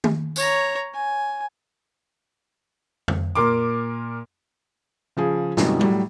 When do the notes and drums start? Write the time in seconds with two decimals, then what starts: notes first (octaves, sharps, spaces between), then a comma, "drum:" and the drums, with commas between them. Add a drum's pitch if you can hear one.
0.04 drum: tom
0.36 C#5 A#5, drum: tambourine
0.94 G#5
3.08 drum: tom F2
3.35 A#2 A#4 C6 D6
5.17 C#3 F3 G#4
5.57 F#2 B2 D3 E3 G3 G#3, drum: snare
5.81 A2 F#3 G3, drum: tom G3